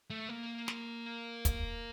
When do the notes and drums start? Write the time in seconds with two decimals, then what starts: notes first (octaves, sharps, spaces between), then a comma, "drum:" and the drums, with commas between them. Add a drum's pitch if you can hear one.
0.10 A3
0.29 A#3
0.68 drum: snare
1.45 drum: kick, hi-hat